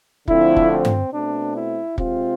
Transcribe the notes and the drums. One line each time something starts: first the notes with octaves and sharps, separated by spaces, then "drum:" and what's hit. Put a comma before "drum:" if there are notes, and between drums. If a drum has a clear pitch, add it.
D3 F3 A3 C4 E4, drum: kick
drum: kick
C4
drum: tom G2
B2 A3 C4 D4
E4
C3 G#3 C4 F4, drum: kick